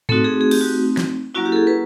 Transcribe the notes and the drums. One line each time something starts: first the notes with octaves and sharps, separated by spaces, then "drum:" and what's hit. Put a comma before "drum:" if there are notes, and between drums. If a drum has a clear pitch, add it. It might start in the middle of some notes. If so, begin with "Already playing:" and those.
A3 C4 D#4 F#4 A4, drum: tom G#2
G#4
G#4
G4, drum: cymbal
F#4
drum: snare
F#3 A#3 C#4 E4 F#4
G4
A4
G#4
B4